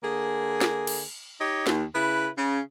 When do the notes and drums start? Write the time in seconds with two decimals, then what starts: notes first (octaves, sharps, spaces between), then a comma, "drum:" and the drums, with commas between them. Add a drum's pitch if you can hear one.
0.03 D3 A#3 G#4
0.61 drum: snare
0.87 drum: cymbal
1.40 D#4 G4 C#5 D#5
1.67 D#2, drum: snare
1.95 C#3 E4 B4
2.38 C#3